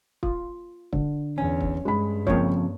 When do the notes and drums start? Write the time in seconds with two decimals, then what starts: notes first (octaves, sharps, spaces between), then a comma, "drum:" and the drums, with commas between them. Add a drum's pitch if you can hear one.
0.23 F4, drum: kick
0.93 D3, drum: kick
1.38 E2 C#4
1.61 drum: kick
1.85 G2 G#3 B5
2.27 F2 C#3 F3 A#3 C#5, drum: kick